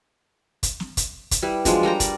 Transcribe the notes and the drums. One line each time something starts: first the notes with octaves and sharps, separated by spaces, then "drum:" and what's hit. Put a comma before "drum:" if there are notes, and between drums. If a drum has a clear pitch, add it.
drum: kick, hi-hat
drum: snare
drum: kick, hi-hat
drum: kick, hi-hat
G3 E4 B4
F3 F#3 G#3 D4, drum: kick, hi-hat
G3 A#4 G5 A#5
D5, drum: kick, hi-hat